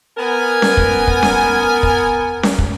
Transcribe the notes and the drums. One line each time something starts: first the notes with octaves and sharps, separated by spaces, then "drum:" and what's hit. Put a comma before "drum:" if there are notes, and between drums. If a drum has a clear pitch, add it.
B3 A#4 G#5
drum: snare C#4
drum: kick
drum: kick
drum: snare C#4
drum: kick
drum: snare C#4
drum: kick